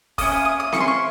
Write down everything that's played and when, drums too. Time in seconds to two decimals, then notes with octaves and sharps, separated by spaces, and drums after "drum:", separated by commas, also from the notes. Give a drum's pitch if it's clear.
0.18 A#3 C#4 E4 D#6, drum: kick, open hi-hat
0.32 D#6
0.45 D#6
0.60 D#6
0.72 A#3 C#4 E4 C#6, drum: snare C4
0.80 C6
0.88 C#6